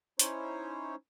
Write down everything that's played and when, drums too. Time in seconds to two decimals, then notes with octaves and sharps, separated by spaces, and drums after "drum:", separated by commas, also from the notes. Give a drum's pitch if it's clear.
0.19 C#4 D#4 E4 C5 C#5, drum: hi-hat